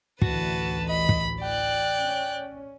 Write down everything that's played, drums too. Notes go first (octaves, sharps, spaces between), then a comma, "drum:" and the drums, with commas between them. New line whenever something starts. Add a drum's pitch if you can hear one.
A1 D2 E3 F#4 B4 A5, drum: kick
D#5 B5
drum: kick
D5 G5 F#6
C#4